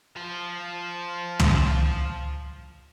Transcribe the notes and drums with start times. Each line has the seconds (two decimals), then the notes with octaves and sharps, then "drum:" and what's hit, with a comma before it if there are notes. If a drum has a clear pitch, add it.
0.16 F3 F4
1.40 drum: tom